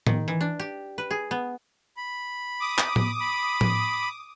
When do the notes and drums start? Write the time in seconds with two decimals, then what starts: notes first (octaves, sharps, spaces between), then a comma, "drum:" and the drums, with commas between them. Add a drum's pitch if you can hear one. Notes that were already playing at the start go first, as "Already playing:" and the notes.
0.07 D#3, drum: tom A2
0.28 E3
0.41 D4
0.60 G4
0.98 B4
1.11 G#4
1.31 B3
1.97 B5
2.60 D6 D#6
2.78 drum: clap
2.96 drum: tom A2
3.20 B5
3.61 drum: tom A2